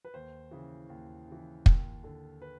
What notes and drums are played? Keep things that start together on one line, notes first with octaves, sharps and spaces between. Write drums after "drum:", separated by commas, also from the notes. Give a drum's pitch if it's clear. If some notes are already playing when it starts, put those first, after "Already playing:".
B4
D#2 C5
C#3 E3
D#2
C#3 E3
D#2, drum: kick
D3
B4